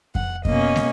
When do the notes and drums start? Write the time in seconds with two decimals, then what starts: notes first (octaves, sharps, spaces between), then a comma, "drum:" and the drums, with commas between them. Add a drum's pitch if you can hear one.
0.15 F#5, drum: kick F2
0.45 B2 A#3 C#4 D#5, drum: kick F2
0.76 drum: snare